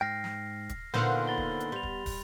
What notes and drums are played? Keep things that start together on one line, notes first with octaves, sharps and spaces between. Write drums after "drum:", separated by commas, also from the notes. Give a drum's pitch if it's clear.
G#2 G5 F6 A#6 C7
drum: snare
drum: kick, hi-hat
A#2 D3 D#3 B3 C5 F5 F#5, drum: snare
B5 A6 G7
drum: kick
drum: hi-hat
G3 C6 F7
drum: kick
drum: kick, open hi-hat